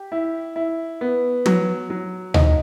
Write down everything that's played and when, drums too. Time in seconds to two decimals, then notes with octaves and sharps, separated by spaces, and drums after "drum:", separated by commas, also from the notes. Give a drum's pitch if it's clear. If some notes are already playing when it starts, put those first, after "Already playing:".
Already playing: G4
0.12 E4
0.56 E4
1.01 B3
1.46 F#3, drum: tom
1.90 F#3
2.34 D#4, drum: tom D2